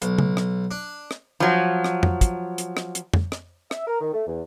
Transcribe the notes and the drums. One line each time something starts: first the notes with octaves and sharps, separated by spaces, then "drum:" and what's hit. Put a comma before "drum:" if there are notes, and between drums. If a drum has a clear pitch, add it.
B1, drum: hi-hat
drum: tom C#3
drum: rim click
D4
drum: rim click
F3 F#3
drum: rim click
drum: tom F2
drum: kick, hi-hat
drum: hi-hat
drum: rim click
drum: hi-hat
drum: tom F2
drum: rim click
E5, drum: rim click
A#4
D#3
A3
E2